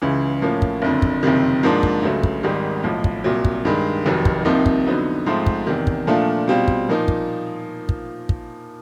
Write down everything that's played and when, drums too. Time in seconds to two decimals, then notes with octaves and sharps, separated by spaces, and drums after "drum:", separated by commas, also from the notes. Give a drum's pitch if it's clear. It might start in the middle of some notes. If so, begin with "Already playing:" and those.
0.02 C#2 C#3 E3
0.42 A2 F3 A#3 C#4
0.62 drum: kick
0.82 F#1 F2 D3
1.02 drum: kick
1.23 F#1 F2 C3 D#3
1.63 G#2 F3 A#3 D4
1.83 drum: kick
2.03 C#2 C#3 F#3 A3
2.24 drum: kick
2.43 G#1 G#2 D#3 G3
2.84 B1 A2 F3
3.04 drum: kick
3.24 C2 A#2 F#3
3.45 drum: kick
3.65 G2 D#3 G#3
4.06 F1 F2 C3 D#3 F#3
4.25 drum: kick
4.45 C2 C3 F3 A#3 D#4
4.66 drum: kick
4.87 F2 D3 F#3 B3 D#4
5.26 G#2 F3 A3 C4
5.47 drum: kick
5.67 E2 C3 D#3
5.87 drum: kick
6.07 A#2 F3 A3 D4 F4
6.48 B2 G3 C4 F4
6.68 drum: kick
6.89 A#2 F3 A#3 D#4
7.08 drum: kick
7.89 drum: kick
8.29 drum: kick